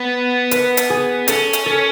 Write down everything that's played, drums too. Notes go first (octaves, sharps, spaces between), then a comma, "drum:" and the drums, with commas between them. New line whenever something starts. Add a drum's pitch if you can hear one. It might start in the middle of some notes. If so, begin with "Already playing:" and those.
Already playing: B3
B4, drum: hi-hat
drum: hi-hat
G#4
C#4 A4, drum: hi-hat
drum: hi-hat
A4